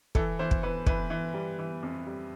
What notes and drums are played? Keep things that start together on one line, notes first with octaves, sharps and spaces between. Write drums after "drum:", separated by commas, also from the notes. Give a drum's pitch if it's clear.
E3 A4, drum: kick
E3 C5
drum: kick
E3 B4
E3 B4, drum: kick
E3
G3
E3
F2
G3